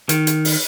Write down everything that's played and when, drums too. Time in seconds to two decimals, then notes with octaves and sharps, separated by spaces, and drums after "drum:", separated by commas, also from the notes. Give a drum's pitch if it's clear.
0.09 D#3, drum: hi-hat
0.27 drum: hi-hat
0.45 drum: open hi-hat